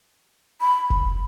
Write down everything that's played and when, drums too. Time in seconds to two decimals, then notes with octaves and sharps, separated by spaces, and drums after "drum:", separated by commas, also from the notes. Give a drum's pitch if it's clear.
0.61 B5
0.90 drum: kick F1